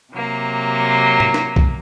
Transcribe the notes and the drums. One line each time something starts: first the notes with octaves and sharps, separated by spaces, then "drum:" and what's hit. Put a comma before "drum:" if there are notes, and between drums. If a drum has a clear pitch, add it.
C3 F#3 A#3
drum: tom G#2
drum: snare D4
drum: kick B1